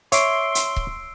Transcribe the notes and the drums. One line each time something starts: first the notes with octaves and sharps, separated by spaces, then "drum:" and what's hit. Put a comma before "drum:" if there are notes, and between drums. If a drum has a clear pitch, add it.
C#5 E5 C6 D6 E6 C7 D7, drum: hi-hat
drum: hi-hat
drum: kick C#1